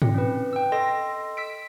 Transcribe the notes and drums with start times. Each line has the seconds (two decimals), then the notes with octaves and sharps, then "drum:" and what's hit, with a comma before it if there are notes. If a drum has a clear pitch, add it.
0.02 C4, drum: tom G#2
0.14 C#4 B4
0.53 G5 E6
0.72 A4 D#5 C6 A#6
1.37 E6 B6 D7